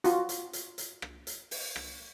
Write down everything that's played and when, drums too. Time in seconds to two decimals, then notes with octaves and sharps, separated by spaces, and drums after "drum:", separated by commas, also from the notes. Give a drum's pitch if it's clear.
0.04 F4 F#4, drum: hi-hat
0.29 drum: hi-hat
0.53 drum: hi-hat
0.78 drum: hi-hat
1.02 drum: rim click
1.27 drum: hi-hat
1.51 drum: open hi-hat
1.76 drum: rim click